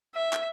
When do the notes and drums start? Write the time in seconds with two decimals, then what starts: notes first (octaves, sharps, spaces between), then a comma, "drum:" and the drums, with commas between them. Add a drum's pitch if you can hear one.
0.15 E5
0.33 drum: clap